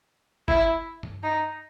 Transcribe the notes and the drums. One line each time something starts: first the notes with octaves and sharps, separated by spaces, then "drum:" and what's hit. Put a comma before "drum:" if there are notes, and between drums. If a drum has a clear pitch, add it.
E4, drum: kick G1
drum: tom G2
D#4